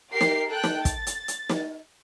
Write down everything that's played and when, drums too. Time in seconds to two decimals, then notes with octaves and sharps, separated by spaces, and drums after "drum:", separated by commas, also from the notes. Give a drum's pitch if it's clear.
0.11 G4 A#4 C7
0.21 drum: snare
0.50 A4 G5 F#6
0.64 drum: snare
0.85 A6, drum: kick, hi-hat
1.07 drum: hi-hat
1.28 drum: hi-hat
1.50 drum: snare